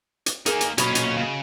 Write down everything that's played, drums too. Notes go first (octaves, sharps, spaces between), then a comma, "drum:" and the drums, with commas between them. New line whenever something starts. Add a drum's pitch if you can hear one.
drum: hi-hat
A#3 D#4 G#4 A#4 G#5, drum: hi-hat
drum: hi-hat
B1 A#2 C#4 F#4 C#5 D#5 B5, drum: hi-hat
drum: hi-hat
C#3